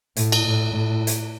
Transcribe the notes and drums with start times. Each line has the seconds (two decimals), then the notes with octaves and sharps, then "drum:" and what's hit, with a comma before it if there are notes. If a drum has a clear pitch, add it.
0.16 A2, drum: hi-hat
0.32 drum: cymbal
0.46 A2
0.74 A2
1.07 drum: hi-hat